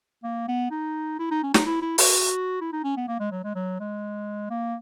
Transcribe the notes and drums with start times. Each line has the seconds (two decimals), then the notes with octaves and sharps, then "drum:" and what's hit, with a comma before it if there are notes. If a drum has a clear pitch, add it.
0.23 A#3
0.48 B3
0.71 D#4
1.19 E4
1.31 D#4
1.43 C#4
1.54 D#4, drum: snare
1.66 E4
1.82 E4
1.98 F#4, drum: open hi-hat
2.61 E4
2.73 D#4
2.84 C#4
2.97 B3
3.08 A#3
3.20 G#3
3.32 F#3
3.44 G#3
3.55 F#3
3.80 G#3
4.50 A#3